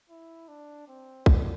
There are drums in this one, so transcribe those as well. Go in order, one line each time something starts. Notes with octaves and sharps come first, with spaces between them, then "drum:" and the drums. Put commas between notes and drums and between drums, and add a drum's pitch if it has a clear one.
E4
D4
C4
D4, drum: kick